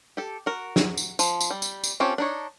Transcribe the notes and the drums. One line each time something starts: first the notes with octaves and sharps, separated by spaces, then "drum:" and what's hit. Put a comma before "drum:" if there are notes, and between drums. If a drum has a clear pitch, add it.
G4 A4
F#4 A#4
drum: snare
drum: tambourine
F3, drum: tambourine
drum: tambourine
G3
drum: tambourine
drum: tambourine
C4 C#4 F4 G4 A4
D4 D#4 C#5